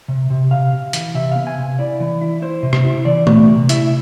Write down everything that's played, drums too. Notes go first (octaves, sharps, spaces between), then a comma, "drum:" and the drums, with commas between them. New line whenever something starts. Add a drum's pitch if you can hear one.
C3
C3
C3 F5
C3
E3, drum: hi-hat
C3 E5
B3 F5
G#5
C3
E4 D5
E3
E4
E4 C5
C3
drum: rim click
E4
E3 D5
A3, drum: tom A#2
C3
E4 E5, drum: hi-hat